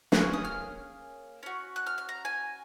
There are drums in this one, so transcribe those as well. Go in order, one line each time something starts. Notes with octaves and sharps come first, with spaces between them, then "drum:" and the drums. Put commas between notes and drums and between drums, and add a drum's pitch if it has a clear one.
A#3 C#4 G#4 F#6, drum: snare
D#6
F6
C#4 F#4
F#6
F6
F6
A#5
G#5